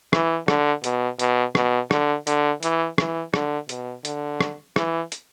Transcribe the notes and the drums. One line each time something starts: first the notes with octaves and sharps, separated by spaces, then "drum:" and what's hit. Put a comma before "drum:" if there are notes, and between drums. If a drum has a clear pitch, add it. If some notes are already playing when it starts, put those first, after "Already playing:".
E3, drum: rim click
D3, drum: rim click
B2, drum: hi-hat
B2, drum: hi-hat
B2, drum: rim click
D3, drum: rim click
D3, drum: hi-hat
E3, drum: hi-hat
E3, drum: rim click
D3, drum: rim click
B2, drum: hi-hat
D3, drum: hi-hat
drum: rim click
E3, drum: rim click
drum: hi-hat